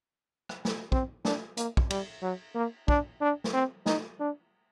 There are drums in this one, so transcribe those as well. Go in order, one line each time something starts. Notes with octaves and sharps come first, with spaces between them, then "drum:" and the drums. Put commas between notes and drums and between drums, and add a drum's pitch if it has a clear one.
drum: rim click
drum: snare
C4, drum: kick
D4, drum: snare
A#3, drum: hi-hat
drum: kick
G3, drum: cymbal
F#3
A#3
D4, drum: kick
D4
drum: snare
C4
D#4, drum: snare
D4